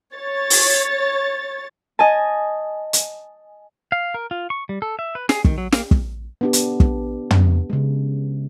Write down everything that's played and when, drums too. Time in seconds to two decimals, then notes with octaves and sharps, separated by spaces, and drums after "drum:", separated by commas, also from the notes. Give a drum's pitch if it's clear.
0.15 C#5 A6
0.50 drum: open hi-hat
1.99 D#5 G#5 A5
2.93 drum: hi-hat
3.92 F5
4.14 A#4
4.31 F4
4.50 C#6
4.69 G3
4.82 A4
4.99 E5
5.15 B4
5.29 G#4, drum: snare
5.45 D#3, drum: kick
5.58 F#3
5.72 A#3, drum: snare
5.91 drum: kick
6.41 B3 D4 G4
6.53 drum: hi-hat
6.80 drum: kick
7.30 drum: tom
7.70 C#3 G#3